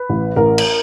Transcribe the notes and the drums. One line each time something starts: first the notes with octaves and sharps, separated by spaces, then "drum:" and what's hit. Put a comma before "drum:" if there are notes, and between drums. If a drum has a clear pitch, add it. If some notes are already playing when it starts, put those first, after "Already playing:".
Already playing: B4
A1
A1 A#4
drum: cymbal